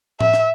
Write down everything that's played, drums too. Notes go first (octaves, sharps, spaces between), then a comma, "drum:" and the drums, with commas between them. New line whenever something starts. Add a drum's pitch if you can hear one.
E5, drum: tom A2
drum: rim click